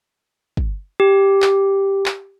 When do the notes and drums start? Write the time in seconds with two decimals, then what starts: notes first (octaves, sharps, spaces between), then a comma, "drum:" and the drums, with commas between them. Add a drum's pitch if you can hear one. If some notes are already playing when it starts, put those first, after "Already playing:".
0.57 drum: kick
1.00 G4
1.42 drum: clap
2.06 drum: clap